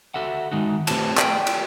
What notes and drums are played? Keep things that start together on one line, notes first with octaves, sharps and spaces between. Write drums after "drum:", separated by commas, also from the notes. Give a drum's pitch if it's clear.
F#4 A4 E5 F#5
D#3 G#3 D#4 F#4
A3 C4 G4 B4 C5 A5, drum: cymbal
D5 G5, drum: clap
drum: cymbal